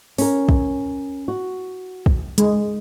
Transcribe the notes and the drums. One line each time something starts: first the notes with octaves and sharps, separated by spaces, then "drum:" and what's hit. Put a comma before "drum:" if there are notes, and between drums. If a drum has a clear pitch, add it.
C#4 A#4, drum: open hi-hat
drum: kick
F#4
drum: kick
G#3, drum: hi-hat